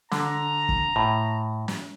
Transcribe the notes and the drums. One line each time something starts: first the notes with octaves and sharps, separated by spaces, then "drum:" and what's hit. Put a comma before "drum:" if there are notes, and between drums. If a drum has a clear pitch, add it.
D3 A#5, drum: snare
drum: kick
A2
drum: snare